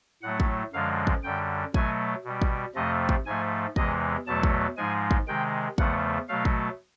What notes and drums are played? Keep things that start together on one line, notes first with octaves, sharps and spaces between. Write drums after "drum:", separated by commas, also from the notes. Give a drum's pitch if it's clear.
A2 F#3 A3 F#5
drum: kick G#1
F#2 D3 F3 G#3 F5
drum: kick G#1
F#2 D3 G3 G5
B2 F#3 A3 G#5, drum: kick G#1
B2 G3
drum: kick G#1
F2 C3 F3 A3 D#5
drum: kick G#1
G#2 F3 A3 G#5
E2 C3 E3 G#3 D#5, drum: kick G#1
E2 B2 F#3 A3 A5
drum: kick G#1
G#2 F3 G#3 G#5
drum: kick G#1
C3 D#3 G#3 G5
E2 C#3 F3 A3 F#5, drum: kick G#1
B2 F#3 A3 F5
drum: kick G#1